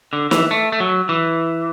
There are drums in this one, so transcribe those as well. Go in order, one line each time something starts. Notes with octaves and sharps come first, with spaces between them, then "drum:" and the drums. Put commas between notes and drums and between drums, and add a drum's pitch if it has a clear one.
D3
E3, drum: snare
A3
A3
F#3
E3